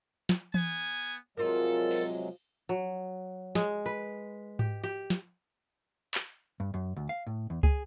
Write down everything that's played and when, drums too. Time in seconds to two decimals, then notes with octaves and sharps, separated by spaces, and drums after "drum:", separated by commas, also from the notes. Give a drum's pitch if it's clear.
0.29 drum: snare
0.54 B3 G#5, drum: tom E3
1.37 C3 F3 F#3 G#3 F4 A4 A#4
1.91 drum: open hi-hat
2.69 F#3
3.55 G#3, drum: snare
3.86 B4
4.59 G4, drum: tom G#2
4.83 G4
5.10 drum: snare
6.15 drum: clap
6.60 G2
6.74 F#2
6.96 D2
7.09 F5
7.27 A2
7.50 E2
7.63 G#4, drum: kick C#2